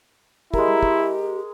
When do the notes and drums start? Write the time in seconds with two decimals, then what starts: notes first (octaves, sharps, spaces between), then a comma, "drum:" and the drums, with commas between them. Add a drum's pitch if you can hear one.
0.54 G#3 E4 G4 A#4, drum: kick
0.68 drum: tom
0.83 drum: kick